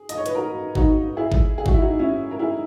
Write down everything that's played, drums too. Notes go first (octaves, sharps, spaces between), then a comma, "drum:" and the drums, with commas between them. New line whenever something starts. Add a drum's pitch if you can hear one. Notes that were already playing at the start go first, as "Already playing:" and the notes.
Already playing: G#4
D#5, drum: hi-hat
C#5
B4, drum: hi-hat
F#4 A#4
D#4 F#4, drum: kick G#1
E4 G#4
drum: kick G#1
G#4
F#4, drum: kick G#1
E4
D#4 F#4
C#4 E4
A#4
E4 G#4